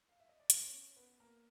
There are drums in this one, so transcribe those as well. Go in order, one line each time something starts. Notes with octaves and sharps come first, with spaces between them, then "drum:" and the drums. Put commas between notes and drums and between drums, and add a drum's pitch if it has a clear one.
F5
E5
D#5
D5
C#4 C#5, drum: hi-hat
C#4 C#5
B3 B4
A#3 A#4